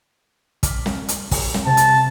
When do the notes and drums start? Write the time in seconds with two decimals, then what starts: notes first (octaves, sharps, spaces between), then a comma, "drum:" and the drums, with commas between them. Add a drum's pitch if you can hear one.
0.63 D6 F6 B6, drum: kick, hi-hat
0.86 drum: snare
1.09 drum: hi-hat
1.31 drum: kick, open hi-hat
1.54 drum: snare
1.66 C3 A5
1.77 drum: hi-hat